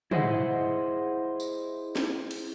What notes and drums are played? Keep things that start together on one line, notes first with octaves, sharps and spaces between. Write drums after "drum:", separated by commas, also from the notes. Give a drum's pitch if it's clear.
E4 G#4 C5 D#5 E5 F#5, drum: tom
drum: tambourine
drum: snare
drum: cymbal